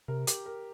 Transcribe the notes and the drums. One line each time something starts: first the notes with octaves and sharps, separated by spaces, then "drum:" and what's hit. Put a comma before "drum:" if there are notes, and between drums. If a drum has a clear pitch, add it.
C3 A#4
G4, drum: hi-hat
A#4